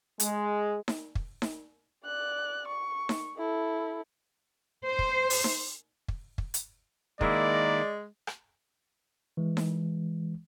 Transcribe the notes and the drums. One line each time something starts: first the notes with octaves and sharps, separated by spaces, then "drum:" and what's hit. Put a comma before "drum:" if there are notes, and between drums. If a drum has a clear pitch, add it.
G#3, drum: hi-hat
drum: snare D#4
drum: kick
drum: snare D#4
D5 F#6
C#6
drum: snare D#4
E4 A4
C5
drum: kick
drum: open hi-hat
drum: snare D#4
drum: kick
drum: kick
drum: hi-hat
D#3 G#3 A#3 E4 D5, drum: kick
drum: rim click
E3 G#3
drum: snare D#4